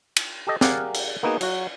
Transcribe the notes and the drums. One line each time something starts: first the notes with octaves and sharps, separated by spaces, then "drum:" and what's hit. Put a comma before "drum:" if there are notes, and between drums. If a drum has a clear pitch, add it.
drum: cymbal
G4 A4 D#5
G4 G#4 A#4 D5 F5 F#5, drum: snare
drum: cymbal
A#3 B3 D#4 F#4 G#4
F#3 F#4, drum: cymbal